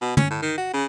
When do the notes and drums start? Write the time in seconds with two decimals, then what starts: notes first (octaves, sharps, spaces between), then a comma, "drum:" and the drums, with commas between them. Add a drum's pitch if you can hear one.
0.02 B2
0.17 C#4, drum: tom
0.31 A2
0.42 D#3
0.58 F#4
0.74 C#3